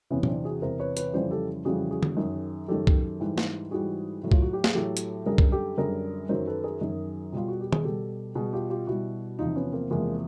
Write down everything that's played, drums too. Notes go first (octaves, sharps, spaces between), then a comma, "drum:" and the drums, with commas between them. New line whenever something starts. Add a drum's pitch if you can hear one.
E2 C3 E3 B3 C#4
C#4, drum: tom
C4 D4
F#4 G#4
E2 C3 E3 A#4 C5
B4 C#5
B4 C#5, drum: hi-hat
F2 C#3 E3 G3 C5 D5
G4 A4
F2 C#3 E3 G3 F#4 G#4
F#4 G#4
drum: tom D3
F#2 D#3 F#3
F#2 D#3 F#3 G4 A4
drum: kick C2
G#2 E3 G3
drum: snare
G#2 E3 G3 F#4 G#4
A2 F#3
F4, drum: kick C2
F#4
G4
G#4, drum: snare
A2 F#3 G4 A4
drum: hi-hat
F#2 D3 G3 G#4 A#4
drum: kick C2
G4 A4
F#2 D3 G3 G#4 A#4
F#2 D#3 F#3 A#4 C5
A4 B4
G#4 A#4
F#2 D#3 F#3
B2 G3 F4
F#4
G4
G#4, drum: tom D#3
B2 G3 G4 A4
B2 G3 F#4 G#4
F4 G4
F4 G4
B2 G3 E4 F#4
E2 C3 F3 D#4 F4
B3 C#4
A#3 C4
E2 C3 F3 G#3 A#3